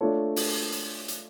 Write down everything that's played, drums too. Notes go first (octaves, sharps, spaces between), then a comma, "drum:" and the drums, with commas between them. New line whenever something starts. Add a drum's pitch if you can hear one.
A3 D4 F4 A4 C#5
drum: open hi-hat
drum: hi-hat
drum: hi-hat